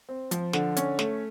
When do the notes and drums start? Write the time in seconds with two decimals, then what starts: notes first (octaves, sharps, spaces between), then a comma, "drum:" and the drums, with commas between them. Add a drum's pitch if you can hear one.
0.09 C4
0.31 F3, drum: hi-hat
0.53 D3, drum: snare
0.76 C#4, drum: hi-hat
0.99 A3, drum: snare